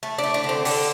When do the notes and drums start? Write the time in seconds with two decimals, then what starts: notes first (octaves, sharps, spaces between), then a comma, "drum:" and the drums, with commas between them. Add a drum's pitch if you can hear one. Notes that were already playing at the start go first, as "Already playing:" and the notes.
0.03 A3
0.18 D4
0.24 A3
0.34 D4
0.44 D3
0.49 C4
0.65 D3 D4, drum: open hi-hat